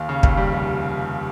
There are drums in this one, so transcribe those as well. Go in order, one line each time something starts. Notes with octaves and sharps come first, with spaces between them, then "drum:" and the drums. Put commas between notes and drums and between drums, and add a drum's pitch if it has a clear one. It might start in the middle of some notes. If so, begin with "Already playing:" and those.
Already playing: D#2 F5
C#3
D#2, drum: kick
G3
F1